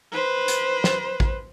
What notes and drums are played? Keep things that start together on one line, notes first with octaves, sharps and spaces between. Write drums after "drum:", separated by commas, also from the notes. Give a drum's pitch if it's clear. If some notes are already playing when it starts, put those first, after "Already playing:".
B4 C5
drum: hi-hat
drum: snare
drum: kick A1